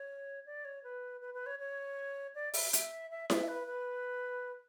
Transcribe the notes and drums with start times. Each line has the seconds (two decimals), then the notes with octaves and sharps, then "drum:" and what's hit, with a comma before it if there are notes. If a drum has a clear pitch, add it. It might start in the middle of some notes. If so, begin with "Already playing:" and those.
Already playing: C#5
0.46 D5
0.65 C#5
0.84 B4
1.21 B4
1.34 B4
1.46 C#5
1.59 C#5
2.35 D5
2.54 E5, drum: open hi-hat
2.73 E5, drum: hi-hat
3.11 E5
3.30 E5, drum: snare E4
3.48 B4
3.67 B4